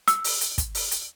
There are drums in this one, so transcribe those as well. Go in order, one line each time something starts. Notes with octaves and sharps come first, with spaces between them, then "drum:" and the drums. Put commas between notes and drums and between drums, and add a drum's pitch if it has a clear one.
E6, drum: hi-hat
drum: open hi-hat
drum: hi-hat
drum: kick, hi-hat
drum: open hi-hat
drum: hi-hat